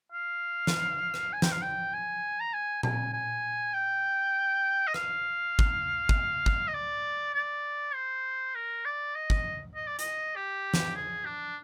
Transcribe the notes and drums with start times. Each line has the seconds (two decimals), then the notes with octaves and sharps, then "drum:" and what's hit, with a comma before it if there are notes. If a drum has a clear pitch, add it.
0.12 F5
0.67 drum: snare
1.14 drum: rim click
1.33 G#5
1.42 G5, drum: snare
1.52 F5
1.62 G5
1.93 G#5
2.40 A#5
2.53 G#5
2.83 G#5, drum: tom A#2
3.13 G#5
3.74 G5
4.87 D#5
4.94 F5, drum: rim click
5.59 drum: kick
6.09 drum: kick
6.46 drum: kick
6.68 D#5
6.74 D5
7.34 D5
7.94 C5
8.55 A#4
8.85 D5
9.15 D#5
9.30 drum: kick
9.75 D#5
9.87 D5
9.99 D#5, drum: hi-hat
10.36 G4
10.74 drum: snare
10.95 G#4
11.25 D4